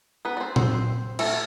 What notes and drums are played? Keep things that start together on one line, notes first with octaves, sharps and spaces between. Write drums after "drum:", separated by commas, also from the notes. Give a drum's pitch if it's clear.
B3 B4
D5
C4 C5
C4 C5, drum: tom A#2
A3 A4, drum: cymbal